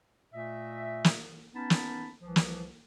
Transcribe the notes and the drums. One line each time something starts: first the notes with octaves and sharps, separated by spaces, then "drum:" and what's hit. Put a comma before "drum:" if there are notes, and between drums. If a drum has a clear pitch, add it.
A#2 A3 D#5 E5
drum: snare
B3 C#4 D#4 A5 B5
drum: snare
C2 E3 F3
drum: snare